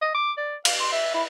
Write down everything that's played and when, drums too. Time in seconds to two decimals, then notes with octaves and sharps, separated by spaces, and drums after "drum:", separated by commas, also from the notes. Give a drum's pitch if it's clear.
0.02 D#5
0.14 D6
0.38 D5
0.65 F5, drum: cymbal
0.80 C6
0.93 E5
1.14 E4